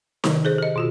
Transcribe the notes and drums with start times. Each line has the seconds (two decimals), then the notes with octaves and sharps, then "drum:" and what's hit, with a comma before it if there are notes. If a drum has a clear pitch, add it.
0.24 C3 D#3, drum: snare D#4
0.45 G#4 A4 C5
0.58 G4 D#5
0.76 B2 F4 F#4